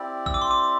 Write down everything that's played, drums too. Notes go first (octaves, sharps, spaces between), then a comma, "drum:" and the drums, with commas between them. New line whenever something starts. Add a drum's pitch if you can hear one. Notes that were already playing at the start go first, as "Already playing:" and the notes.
Already playing: C4 E4 G4 D5
E6, drum: kick A1
D6
C6
D6